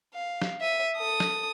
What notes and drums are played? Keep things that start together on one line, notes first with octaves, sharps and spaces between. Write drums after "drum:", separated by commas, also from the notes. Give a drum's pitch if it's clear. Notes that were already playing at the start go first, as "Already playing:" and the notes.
F5
drum: snare
E5 D#7
A4 D#6
drum: snare